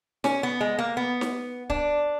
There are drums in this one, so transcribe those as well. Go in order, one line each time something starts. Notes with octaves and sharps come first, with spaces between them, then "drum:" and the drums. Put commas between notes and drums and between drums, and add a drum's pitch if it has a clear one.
C#4, drum: snare
B3
G#3
A#3
B3
drum: snare
D4, drum: kick D1